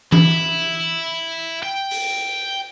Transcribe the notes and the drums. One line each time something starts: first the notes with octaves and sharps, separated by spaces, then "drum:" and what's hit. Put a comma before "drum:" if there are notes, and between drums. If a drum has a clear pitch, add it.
E4, drum: tom E3
G5
drum: open hi-hat